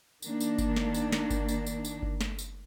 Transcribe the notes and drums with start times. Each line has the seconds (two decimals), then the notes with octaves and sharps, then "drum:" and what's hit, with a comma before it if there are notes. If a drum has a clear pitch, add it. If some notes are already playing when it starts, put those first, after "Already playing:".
0.22 D#3 A#3 D4, drum: tambourine
0.40 drum: tambourine
0.58 drum: kick G1, tambourine
0.76 drum: snare
0.94 drum: tambourine
1.12 drum: snare
1.30 drum: kick G1, tambourine
1.49 drum: tambourine
1.67 drum: tambourine
1.85 drum: tambourine
2.03 drum: kick G1
2.21 drum: snare
2.39 drum: tambourine